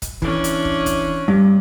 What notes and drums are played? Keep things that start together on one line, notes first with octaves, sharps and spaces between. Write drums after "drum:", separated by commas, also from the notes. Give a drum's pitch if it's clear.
drum: kick, hi-hat
E3 C#4 D4, drum: kick
drum: hi-hat
drum: kick
drum: kick, hi-hat
G2